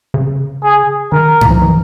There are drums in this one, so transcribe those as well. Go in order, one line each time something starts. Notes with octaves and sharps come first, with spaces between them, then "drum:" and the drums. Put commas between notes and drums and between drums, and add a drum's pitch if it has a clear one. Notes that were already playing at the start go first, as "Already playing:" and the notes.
C#3
G#4
D#3 A#4
drum: tom G2
F3
E3